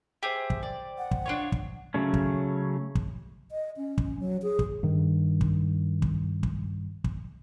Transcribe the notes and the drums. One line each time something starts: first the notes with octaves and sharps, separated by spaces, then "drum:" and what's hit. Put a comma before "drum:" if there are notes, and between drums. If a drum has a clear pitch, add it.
G4 G#4 C5 E5 G5
drum: kick
D5
F#5
drum: kick
D4 F4 C#5
drum: kick
C#3 F#3 A3 C#4
drum: kick
drum: kick
D#5
C#4
drum: kick
F#3
G#4
drum: kick
G2 D#3
drum: kick
drum: kick
drum: kick
drum: kick